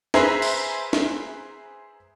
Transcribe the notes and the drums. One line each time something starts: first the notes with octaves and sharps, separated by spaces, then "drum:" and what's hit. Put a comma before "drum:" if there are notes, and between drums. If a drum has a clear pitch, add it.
G#4 B4 C5 E5 A#5, drum: snare
drum: cymbal
drum: snare